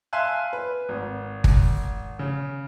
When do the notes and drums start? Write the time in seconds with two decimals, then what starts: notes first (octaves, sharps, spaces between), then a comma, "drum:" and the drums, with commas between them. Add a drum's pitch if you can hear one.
0.13 E5 F5 G#5 A5 C6 F#6
0.53 B4
0.89 G#1
1.44 drum: kick G1
2.19 C#3